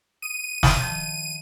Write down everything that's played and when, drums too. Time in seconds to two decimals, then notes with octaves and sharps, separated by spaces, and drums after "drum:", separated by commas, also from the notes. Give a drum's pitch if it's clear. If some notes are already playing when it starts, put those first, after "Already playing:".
0.22 D#6 D#7
0.63 drum: snare
0.80 D#3 F3 A5